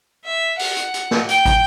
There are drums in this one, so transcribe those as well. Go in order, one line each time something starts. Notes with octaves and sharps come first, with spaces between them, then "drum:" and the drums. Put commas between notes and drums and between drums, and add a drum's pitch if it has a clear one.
E5
F#5, drum: open hi-hat
drum: hi-hat
drum: hi-hat
drum: snare
G5, drum: hi-hat
drum: kick, hi-hat